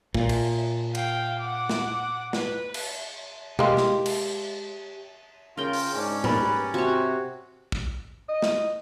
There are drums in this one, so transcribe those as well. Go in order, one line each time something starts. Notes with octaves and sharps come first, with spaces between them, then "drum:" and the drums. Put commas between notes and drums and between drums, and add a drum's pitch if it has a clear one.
A#2, drum: kick
drum: cymbal
F5 G5, drum: cymbal
F#5 D6
drum: snare
B4, drum: snare
drum: cymbal
G#3 A#3 G4, drum: tom B2
drum: snare
drum: cymbal
C#3 F4 A#4 G5
drum: open hi-hat
G#2 C#4 D4
G3 A#4 B4 D5, drum: tom
C3 C4 F#4 C#5
drum: kick
D#5
drum: snare